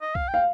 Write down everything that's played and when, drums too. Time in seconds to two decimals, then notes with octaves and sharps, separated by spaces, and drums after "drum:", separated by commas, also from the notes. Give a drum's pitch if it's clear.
0.02 D#5
0.15 F5, drum: kick B1
0.28 G5
0.34 F5